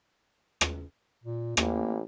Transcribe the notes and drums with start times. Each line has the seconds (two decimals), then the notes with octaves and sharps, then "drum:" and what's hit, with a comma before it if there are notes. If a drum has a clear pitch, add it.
0.61 drum: rim click
1.24 A#2
1.57 A1 A#3, drum: rim click